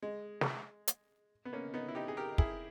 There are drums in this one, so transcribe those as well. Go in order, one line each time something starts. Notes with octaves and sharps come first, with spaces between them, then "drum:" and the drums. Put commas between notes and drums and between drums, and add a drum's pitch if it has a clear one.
G#3
drum: snare
drum: hi-hat
B3
A#3 C#4
B3 D#4
E4
D#4 G4
G#4
G4 A#4
E4 G#4, drum: kick